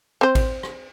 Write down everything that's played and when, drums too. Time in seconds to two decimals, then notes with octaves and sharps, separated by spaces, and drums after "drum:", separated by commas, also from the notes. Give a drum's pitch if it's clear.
0.21 C4 C5
0.35 drum: kick A1, cymbal
0.63 drum: rim click